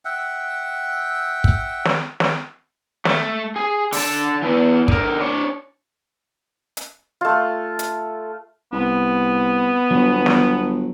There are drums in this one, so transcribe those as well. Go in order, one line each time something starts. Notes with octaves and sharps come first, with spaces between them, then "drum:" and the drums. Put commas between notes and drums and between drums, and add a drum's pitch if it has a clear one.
E5 F#5 G5
drum: kick
drum: snare
drum: snare
A3, drum: snare
G#4
D3 A5, drum: open hi-hat
E3 B3
D3 A#4, drum: kick
D4 C#5
drum: hi-hat
A3 F4
drum: hi-hat
C2 B3
G1 F#3
drum: snare